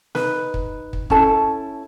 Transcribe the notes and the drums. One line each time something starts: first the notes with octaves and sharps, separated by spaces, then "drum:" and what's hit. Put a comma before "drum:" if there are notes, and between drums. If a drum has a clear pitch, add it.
D#4 B4, drum: snare
drum: kick
drum: kick
C#4 E4 A4 A5, drum: kick